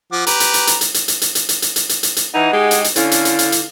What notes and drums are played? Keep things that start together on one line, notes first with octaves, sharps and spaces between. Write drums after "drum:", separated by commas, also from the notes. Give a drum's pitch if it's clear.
F3 F#5 D6
G4 B4 A#5, drum: hi-hat
drum: hi-hat
drum: hi-hat
drum: hi-hat
drum: hi-hat
drum: hi-hat
drum: hi-hat
drum: hi-hat
drum: hi-hat
drum: hi-hat
drum: hi-hat
drum: hi-hat
drum: hi-hat
drum: hi-hat
drum: hi-hat
E3 D#4 F#5
G#3 D#4 G4 G#4
drum: hi-hat
drum: hi-hat
D3 C#4 E4 F5, drum: hi-hat
drum: hi-hat
drum: hi-hat
drum: hi-hat
drum: hi-hat